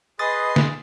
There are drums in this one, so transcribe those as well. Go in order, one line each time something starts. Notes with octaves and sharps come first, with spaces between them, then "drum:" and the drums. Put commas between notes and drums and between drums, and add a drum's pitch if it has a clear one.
G#4 B4 D#5 C6 D#6 A6
drum: snare